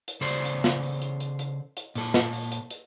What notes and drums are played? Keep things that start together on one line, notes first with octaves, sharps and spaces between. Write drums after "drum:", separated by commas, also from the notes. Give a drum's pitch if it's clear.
drum: hi-hat
C#3 A4 C5 D5
drum: hi-hat
drum: snare
drum: open hi-hat
drum: hi-hat
drum: hi-hat
drum: hi-hat
drum: hi-hat
A#2 A4, drum: hi-hat
drum: snare
drum: open hi-hat
drum: hi-hat
drum: hi-hat